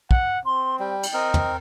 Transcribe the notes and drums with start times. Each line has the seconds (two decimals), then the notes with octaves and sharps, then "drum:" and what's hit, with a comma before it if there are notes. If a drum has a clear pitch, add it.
0.11 F#5, drum: kick
0.45 C4 C6
0.79 G3 G5
1.03 drum: cymbal
1.14 C4 A#4 D#5
1.34 drum: tom